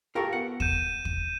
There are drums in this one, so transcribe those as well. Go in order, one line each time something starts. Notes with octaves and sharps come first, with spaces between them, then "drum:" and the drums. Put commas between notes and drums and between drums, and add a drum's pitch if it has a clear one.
F4 G4 A4 A#4 C#6
B3 F#5
G6 D#7 E7, drum: kick
drum: kick